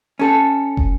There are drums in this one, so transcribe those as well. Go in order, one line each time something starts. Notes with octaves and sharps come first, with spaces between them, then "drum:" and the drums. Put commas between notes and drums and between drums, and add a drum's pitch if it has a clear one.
C#4 A4
drum: kick